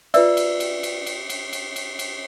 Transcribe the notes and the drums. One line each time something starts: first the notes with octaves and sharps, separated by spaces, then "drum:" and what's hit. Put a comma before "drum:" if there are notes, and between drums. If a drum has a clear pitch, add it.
F4 B4 D5 E5 E6, drum: cymbal
drum: cymbal
drum: cymbal
drum: cymbal
drum: cymbal
drum: cymbal
drum: cymbal
drum: cymbal
drum: cymbal